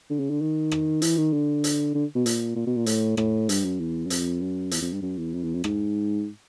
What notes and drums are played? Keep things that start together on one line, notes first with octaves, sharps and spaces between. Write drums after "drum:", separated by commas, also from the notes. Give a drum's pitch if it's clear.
D3
C#3
D3
D#3
drum: rim click
E3, drum: hi-hat
D#3
D3
drum: hi-hat
D3
B2
A#2, drum: hi-hat
A#2
B2
A#2
A2, drum: hi-hat
A2, drum: rim click
G2, drum: hi-hat
F#2
E2
F#2
F2, drum: hi-hat
F#2
E2, drum: hi-hat
F2
G2
F#2
E2
F2
E2
F2
G#2, drum: rim click